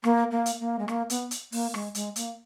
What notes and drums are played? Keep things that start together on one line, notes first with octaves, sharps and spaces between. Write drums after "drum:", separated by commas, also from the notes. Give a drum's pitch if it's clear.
A#3, drum: rim click
A#3
drum: hi-hat
A#3
G#3
A#3, drum: rim click
B3, drum: hi-hat
drum: hi-hat
A#3, drum: open hi-hat
G#3, drum: rim click
G#3, drum: hi-hat
A#3, drum: hi-hat